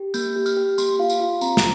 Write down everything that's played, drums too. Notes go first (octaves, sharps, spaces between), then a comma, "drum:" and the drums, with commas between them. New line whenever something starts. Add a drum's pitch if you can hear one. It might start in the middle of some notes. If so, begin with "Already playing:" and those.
Already playing: G4
A#3 G6, drum: tambourine
G4
F6, drum: tambourine
G4
A#3 C6, drum: tambourine
F4 F5
drum: tambourine
F4 F5
C4 A#5, drum: tambourine
drum: snare